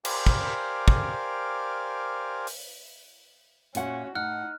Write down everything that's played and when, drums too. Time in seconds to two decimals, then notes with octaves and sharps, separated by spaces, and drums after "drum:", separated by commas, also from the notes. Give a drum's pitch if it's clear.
0.05 G4 A#4 C5 D5 F5 G#5, drum: cymbal
0.26 drum: kick
0.88 drum: kick
2.47 drum: open hi-hat
3.75 A#2 C#4 F#4 E5 F#5, drum: hi-hat
4.15 A2 D#4 F#5 F6 F#6